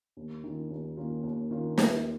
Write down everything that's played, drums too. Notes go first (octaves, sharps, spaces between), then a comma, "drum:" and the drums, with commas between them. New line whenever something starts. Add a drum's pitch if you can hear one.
D#2
D#3 A#3 C#4 F4
D#2
D#3 A#3 C#4 F4
D#2
D#3 A#3 C#4 F4
D#2, drum: snare